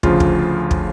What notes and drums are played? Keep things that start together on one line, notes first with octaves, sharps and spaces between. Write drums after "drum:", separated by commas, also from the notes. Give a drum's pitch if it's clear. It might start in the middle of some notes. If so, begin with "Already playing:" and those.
D2 C#3 F3 F4, drum: kick
drum: kick
drum: kick